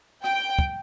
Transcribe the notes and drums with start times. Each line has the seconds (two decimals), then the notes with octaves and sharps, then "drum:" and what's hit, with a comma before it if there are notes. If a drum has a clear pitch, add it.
0.24 G5, drum: rim click
0.59 drum: kick